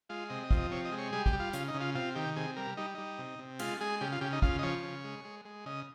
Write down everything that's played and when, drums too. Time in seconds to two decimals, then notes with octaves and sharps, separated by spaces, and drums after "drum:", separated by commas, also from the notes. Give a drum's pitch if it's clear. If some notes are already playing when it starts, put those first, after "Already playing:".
0.09 G#3 F4
0.29 C3 D#5
0.44 D#5
0.51 F3, drum: kick
0.57 D#5
0.71 C3 C#5
0.85 D#5
0.92 G#3
0.99 C#5
1.12 G3 G#4
1.26 G4, drum: kick
1.33 G3
1.40 F4
1.53 C#3 F4, drum: hi-hat
1.68 D#4
1.74 C#3
1.81 F4
1.95 C3 F4
2.16 D#3 G4
2.36 C3 G#4
2.56 G3 A#4
2.77 G3 D#4
2.95 G3 D#4
3.18 C3
3.39 C3
3.59 G#3 F4, drum: cymbal
3.81 G#3 G#4
4.01 C#3 G4
4.12 F4
4.21 C#3 G4
4.33 D#4
4.42 C#3 F4, drum: kick
4.59 D#5
4.63 F3 C#5
4.83 C#3
5.04 G#3
5.25 G#3
5.45 G#3
5.66 C#3 D#5